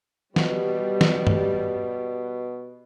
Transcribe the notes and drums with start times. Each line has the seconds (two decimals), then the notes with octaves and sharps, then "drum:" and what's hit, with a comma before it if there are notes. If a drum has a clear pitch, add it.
0.36 B2 G3, drum: snare
1.01 drum: snare
1.27 drum: tom